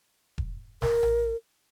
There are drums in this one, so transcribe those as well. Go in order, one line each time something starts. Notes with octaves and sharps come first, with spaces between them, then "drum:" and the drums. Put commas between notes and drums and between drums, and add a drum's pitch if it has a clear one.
drum: kick E1
A#4, drum: snare
drum: tom A#1